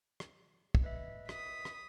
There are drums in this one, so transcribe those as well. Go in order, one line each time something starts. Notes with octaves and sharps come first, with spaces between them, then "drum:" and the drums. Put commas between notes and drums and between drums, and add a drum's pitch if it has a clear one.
drum: rim click
drum: kick
B4 D#5 E5
D#6 B6, drum: rim click
drum: rim click